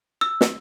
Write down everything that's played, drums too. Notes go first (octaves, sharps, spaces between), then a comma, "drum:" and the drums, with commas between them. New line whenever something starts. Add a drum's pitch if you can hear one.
E6
drum: snare